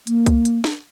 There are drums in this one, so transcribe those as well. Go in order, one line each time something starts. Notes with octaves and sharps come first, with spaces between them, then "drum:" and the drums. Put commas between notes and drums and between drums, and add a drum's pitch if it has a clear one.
A#3, drum: hi-hat
drum: kick C2, hi-hat
drum: hi-hat
drum: snare